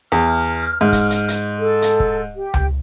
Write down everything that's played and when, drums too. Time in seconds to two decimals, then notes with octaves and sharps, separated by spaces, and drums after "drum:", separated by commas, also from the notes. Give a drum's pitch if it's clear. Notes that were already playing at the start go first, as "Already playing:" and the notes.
0.12 E2 F6
0.81 G#2
0.92 drum: kick, hi-hat
1.10 drum: hi-hat
1.28 drum: hi-hat
1.59 A4
1.82 drum: hi-hat
2.00 drum: kick
2.36 G4
2.54 drum: tom C#2